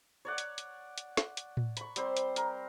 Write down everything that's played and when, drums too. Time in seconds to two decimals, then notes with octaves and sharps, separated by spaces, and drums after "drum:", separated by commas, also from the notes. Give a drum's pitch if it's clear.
0.25 C#5 D5 F#5
0.38 drum: hi-hat
0.58 drum: hi-hat
0.98 drum: hi-hat
1.17 drum: snare
1.37 drum: hi-hat
1.57 drum: tom A2
1.77 B5 C#6, drum: hi-hat
1.96 G3 C4 C5, drum: hi-hat
2.17 drum: hi-hat
2.36 A#4, drum: hi-hat